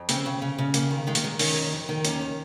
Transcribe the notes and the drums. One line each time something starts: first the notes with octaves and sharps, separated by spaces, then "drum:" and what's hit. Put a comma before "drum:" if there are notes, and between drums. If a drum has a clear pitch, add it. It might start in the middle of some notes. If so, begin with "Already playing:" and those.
Already playing: F2
C#3 C4, drum: hi-hat
C#3
C#3
C#3
F2 A#3, drum: hi-hat
D#3
D#3 G#3
A#3, drum: hi-hat
D#3 G#3
D#3 C#4, drum: open hi-hat
F2
F2
D#3
D#2 C#4, drum: hi-hat
D#3